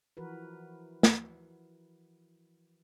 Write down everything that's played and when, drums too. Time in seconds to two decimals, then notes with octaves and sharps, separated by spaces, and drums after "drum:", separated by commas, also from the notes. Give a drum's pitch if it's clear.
0.17 E3 F3 F#4 A#4 B4
1.03 drum: snare